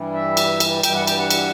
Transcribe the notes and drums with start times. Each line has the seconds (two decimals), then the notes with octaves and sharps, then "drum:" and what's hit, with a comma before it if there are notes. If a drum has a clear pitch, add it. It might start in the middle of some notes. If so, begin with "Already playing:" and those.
Already playing: G2 E3 G3
0.14 E5
0.37 drum: cymbal
0.60 drum: cymbal
0.83 G2 E3 G3 G5, drum: cymbal
0.95 F#5
1.07 G5, drum: cymbal
1.18 F#5
1.30 drum: cymbal